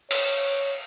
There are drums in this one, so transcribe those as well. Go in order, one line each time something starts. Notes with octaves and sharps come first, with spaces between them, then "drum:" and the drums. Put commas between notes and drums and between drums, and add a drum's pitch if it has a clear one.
C#5, drum: cymbal